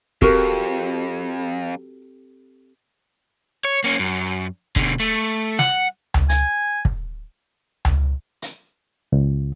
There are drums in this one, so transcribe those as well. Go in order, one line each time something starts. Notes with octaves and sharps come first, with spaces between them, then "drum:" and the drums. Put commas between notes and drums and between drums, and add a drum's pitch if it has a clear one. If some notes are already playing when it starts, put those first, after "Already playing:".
F2 C4 F#4 G4 A4 A#4, drum: kick
C#5
A#3 C#4
F#2
B2 D3, drum: kick
A3
F#5, drum: snare
drum: tom C#2
G#5, drum: hi-hat
drum: kick
drum: tom C#2
drum: hi-hat
C#2